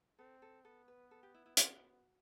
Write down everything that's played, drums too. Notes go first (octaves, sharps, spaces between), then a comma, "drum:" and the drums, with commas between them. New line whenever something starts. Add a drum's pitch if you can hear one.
C4 A4
A4
B3 A4
B4
A4
G4
E4
E4
F#4, drum: hi-hat